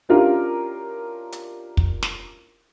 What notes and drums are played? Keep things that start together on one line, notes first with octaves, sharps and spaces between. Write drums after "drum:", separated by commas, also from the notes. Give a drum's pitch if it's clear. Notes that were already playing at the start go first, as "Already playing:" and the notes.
C#4 D4 E4 F4 G4 A#4
drum: hi-hat
drum: kick
drum: snare